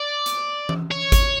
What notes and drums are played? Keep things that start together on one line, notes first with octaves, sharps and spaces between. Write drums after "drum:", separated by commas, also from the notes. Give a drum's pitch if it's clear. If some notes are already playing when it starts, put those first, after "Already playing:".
Already playing: D5
drum: hi-hat
drum: tom E3
C#5
drum: kick G#1, hi-hat